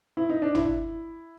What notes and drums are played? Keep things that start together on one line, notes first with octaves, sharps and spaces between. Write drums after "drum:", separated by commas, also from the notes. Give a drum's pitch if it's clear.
E4
D#4
D4
E4, drum: tom